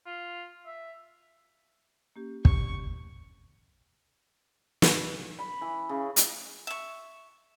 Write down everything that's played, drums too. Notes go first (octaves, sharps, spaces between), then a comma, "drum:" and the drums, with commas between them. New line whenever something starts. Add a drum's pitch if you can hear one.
F4
E5
A#3 C#4 G4
D3 C#6, drum: kick
drum: snare
B5
E3
C#3
drum: hi-hat
E5 C#6